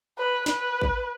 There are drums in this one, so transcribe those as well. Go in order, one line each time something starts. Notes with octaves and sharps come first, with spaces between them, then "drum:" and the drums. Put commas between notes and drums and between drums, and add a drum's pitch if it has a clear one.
B4
B4, drum: snare
drum: kick A1